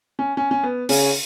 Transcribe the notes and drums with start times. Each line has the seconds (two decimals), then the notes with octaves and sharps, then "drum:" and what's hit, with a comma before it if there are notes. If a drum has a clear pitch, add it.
0.19 C#4
0.37 C#4
0.51 C#4
0.63 B3
0.89 C#3 C#4, drum: open hi-hat